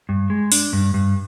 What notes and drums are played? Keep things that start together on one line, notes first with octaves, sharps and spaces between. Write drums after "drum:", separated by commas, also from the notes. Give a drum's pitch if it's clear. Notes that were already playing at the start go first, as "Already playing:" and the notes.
G2
G#3
D4, drum: open hi-hat
G2
G2